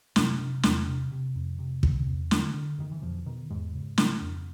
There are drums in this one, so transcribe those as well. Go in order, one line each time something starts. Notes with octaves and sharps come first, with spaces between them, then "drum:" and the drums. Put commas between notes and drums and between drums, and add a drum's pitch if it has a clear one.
F#2 C3 F#3, drum: snare
C3
E2, drum: snare
C3
C3
F2
C3
C3, drum: kick
E2
D3, drum: snare
D3
F#2 D#3
E3
F2 B2 F3
B2 D#3
E2 G#2 G#3
C#3
C#3, drum: snare
F2